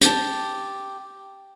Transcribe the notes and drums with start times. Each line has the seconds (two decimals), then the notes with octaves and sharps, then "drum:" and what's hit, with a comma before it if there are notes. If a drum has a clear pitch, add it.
0.01 G4 A5, drum: hi-hat